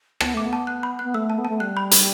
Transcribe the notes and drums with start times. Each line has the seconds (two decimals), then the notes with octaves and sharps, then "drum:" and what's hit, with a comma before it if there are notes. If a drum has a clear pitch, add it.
0.20 B3 A5, drum: rim click
0.34 A3 D6
0.46 B3
0.53 A5
0.67 F#6
0.83 B5
0.99 B3 F#6
1.14 A3 E6
1.30 A5
1.38 B3
1.45 A3 A5
1.60 G3 F#6
1.77 B5
1.91 B5, drum: hi-hat